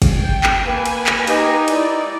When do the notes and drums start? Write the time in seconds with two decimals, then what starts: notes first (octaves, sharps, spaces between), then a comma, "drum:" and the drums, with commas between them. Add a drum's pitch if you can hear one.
0.02 drum: kick, cymbal
0.19 G5
0.44 drum: clap
0.64 A#3 B4 G#5
0.85 drum: cymbal
1.06 drum: clap
1.27 D#4 G4, drum: cymbal
1.68 E4 D5, drum: cymbal